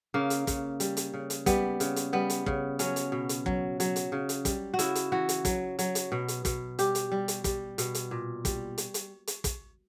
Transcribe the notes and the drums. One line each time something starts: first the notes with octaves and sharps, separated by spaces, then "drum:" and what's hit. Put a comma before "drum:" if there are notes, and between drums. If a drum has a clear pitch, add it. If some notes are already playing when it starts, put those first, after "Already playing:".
C#3 A#3
drum: hi-hat
C#3, drum: kick, hi-hat
G3, drum: hi-hat
drum: hi-hat
C#3
drum: hi-hat
G3 B3, drum: kick, hi-hat
C#3, drum: hi-hat
drum: hi-hat
G3 B3
drum: hi-hat
C#3, drum: kick
F#3 C#4, drum: hi-hat
drum: hi-hat
B2
drum: hi-hat
F#3, drum: kick
F#3, drum: hi-hat
drum: hi-hat
C#3
drum: hi-hat
G3, drum: kick, hi-hat
F#4
C#3 E4, drum: hi-hat
drum: hi-hat
E3 F#4
drum: hi-hat
F#3, drum: kick, hi-hat
F#3, drum: hi-hat
drum: hi-hat
B2
drum: hi-hat
B2, drum: kick, hi-hat
G3 G4, drum: hi-hat
drum: hi-hat
G3
drum: hi-hat
G3, drum: kick, hi-hat
B2, drum: hi-hat
drum: hi-hat
A#2
G3, drum: kick, hi-hat
drum: hi-hat
drum: hi-hat
drum: hi-hat
drum: kick, hi-hat